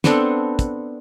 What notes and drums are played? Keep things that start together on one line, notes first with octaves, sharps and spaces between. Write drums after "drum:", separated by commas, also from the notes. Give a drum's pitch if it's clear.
B3 C4 D4 A4, drum: snare
drum: kick, hi-hat